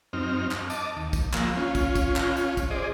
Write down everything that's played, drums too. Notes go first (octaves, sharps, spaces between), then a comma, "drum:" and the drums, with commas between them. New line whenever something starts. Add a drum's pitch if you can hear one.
F#2 C4 D#4 F6
drum: clap
D#5 A5 D6, drum: tambourine
D#2
drum: kick, tambourine
F3 A#3 E6, drum: clap
C#4 F4
drum: kick, tambourine
drum: kick, tambourine
drum: clap
drum: tambourine
drum: kick, tambourine
G#4 C5 D5 D#5